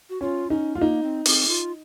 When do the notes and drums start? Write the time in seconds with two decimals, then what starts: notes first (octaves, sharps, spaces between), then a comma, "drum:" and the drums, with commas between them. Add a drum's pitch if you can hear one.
0.10 F#4
0.21 C#4 F4
0.50 C#4 D#4
0.75 G#3 F4
0.80 A#3 D#4
1.03 C4
1.26 C4, drum: open hi-hat
1.48 F4